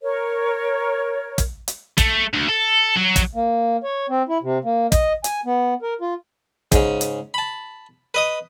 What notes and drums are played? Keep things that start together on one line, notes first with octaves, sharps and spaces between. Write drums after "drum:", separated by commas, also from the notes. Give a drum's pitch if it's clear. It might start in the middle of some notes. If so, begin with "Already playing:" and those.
A#4 C#5
drum: kick, hi-hat
drum: hi-hat
A3, drum: kick, hi-hat
D2
A4
F#3
drum: kick, hi-hat
A#3
C#5
C4
E4
C3
A#3
D#5, drum: kick, hi-hat
G#5, drum: hi-hat
B3
A#4
F4
G#2 C#3, drum: kick, hi-hat
drum: hi-hat
A5 B5
B4 D#5 D#6